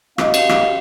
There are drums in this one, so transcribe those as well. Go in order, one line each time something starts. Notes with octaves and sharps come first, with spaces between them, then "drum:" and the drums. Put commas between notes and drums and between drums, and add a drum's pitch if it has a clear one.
C#4 F#4 G4 D#5 F5, drum: rim click
drum: cymbal
drum: rim click